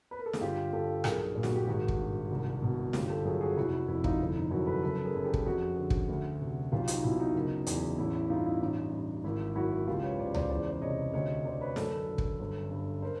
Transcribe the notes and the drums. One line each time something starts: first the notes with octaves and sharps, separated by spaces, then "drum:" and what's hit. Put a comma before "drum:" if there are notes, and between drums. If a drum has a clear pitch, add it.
B4
A#4
A4
G#4, drum: snare
G1 F4 G4
G2 G4 A4
B1 G#4 A#4, drum: rim click
A#2
F#4, drum: snare
G4
G#1 F#4 G#4
drum: kick
G2
C2
B2
G1 F4 G4, drum: snare
G4 A4
F#2 F#4 G#4
F#4 G#4
F1 E4 F#4
E4
F2 E4
D#4 F4, drum: kick
G1 E4
D#4
F#2 E4 F#4
A4 B4
F#1 A4 B4
G#4 A#4
F#2
G4 A4
drum: kick
F2 F#4 G#4
D3
drum: kick
D2
C3
B1 F4 G4
D#4 F4, drum: hi-hat
B2 E4
D#4
F#1
E2, drum: hi-hat
A1 E4
E4
G2 D#4 F4
E4
A1 D#4
G2
G#1 E4
F#2 E4 F#4
C#2 F4 G4
B4 C#5
C#3 C5 D5
C5 D5, drum: tom C#2
E2 C5 D5
D5
C3 C#5 D#5
D2 C#5 D#5
D3 C5 D5
B4 C#5
F#2 A4 B4, drum: snare
D3
drum: kick
G1
G2
A#4 C5